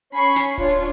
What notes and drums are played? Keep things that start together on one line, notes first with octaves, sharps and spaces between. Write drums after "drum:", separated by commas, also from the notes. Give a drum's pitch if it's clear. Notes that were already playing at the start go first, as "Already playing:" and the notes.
C#4 G#5 B5 C#6 C7
drum: snare
D4 F4 C#5, drum: kick D1